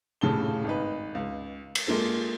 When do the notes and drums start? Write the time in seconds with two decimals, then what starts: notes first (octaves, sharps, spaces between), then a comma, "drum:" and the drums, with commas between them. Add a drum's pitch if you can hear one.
0.21 D#1 A2 C#3 A5 G7
0.65 G#1 D#4 B4
1.15 C#2
1.75 drum: cymbal
1.87 G#3 A#3 F4 A4